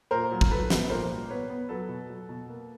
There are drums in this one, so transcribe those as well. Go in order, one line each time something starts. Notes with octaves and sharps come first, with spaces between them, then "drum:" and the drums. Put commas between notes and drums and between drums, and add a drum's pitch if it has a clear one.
A#2 A#4 C5
F#3
drum: kick
F#3 A4 B4
B3, drum: snare
A#2 A#4 C5
G3
B3 B4 C#5
B3
F#3 A4 B4
B2
F#3
B2
A#3